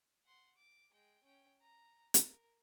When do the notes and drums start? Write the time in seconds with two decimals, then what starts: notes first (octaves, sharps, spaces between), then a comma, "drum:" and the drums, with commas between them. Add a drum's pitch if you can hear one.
0.25 F#5 C6
0.57 D6
0.91 G#3 G5
1.24 C#4 G5
1.61 A#5
2.14 A#4, drum: hi-hat